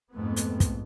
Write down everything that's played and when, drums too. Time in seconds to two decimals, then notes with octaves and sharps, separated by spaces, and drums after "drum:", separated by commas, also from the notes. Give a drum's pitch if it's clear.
0.13 F2 G#2 A3 B3
0.36 drum: hi-hat
0.60 drum: kick, hi-hat